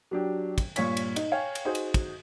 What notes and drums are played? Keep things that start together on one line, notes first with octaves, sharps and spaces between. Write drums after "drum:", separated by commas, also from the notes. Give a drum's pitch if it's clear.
F#3 D4 G4
drum: kick, cymbal
G2 A#2 C#5 C#6 B6, drum: cymbal
drum: cymbal
D#4, drum: cymbal
C#5 F5 G5 G#5
drum: cymbal
D#4 F#4 G#4 C5
drum: cymbal
drum: kick, cymbal